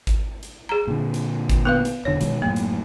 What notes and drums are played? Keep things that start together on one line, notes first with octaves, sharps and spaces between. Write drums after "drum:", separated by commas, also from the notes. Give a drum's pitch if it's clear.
drum: kick, hi-hat
drum: hi-hat
G#4 A#5
A#2 D3
drum: hi-hat
drum: kick, hi-hat
B3 B4 F5
drum: hi-hat
E1 D3 C#5
B2 D#3 G#3, drum: hi-hat
D1 F#2 A2 A#3
drum: hi-hat